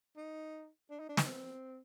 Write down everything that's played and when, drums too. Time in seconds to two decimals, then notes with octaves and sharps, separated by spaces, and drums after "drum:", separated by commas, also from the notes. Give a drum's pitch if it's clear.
0.17 D#4
0.90 D4
1.00 D#4
1.09 D4
1.17 D#4, drum: snare
1.27 C4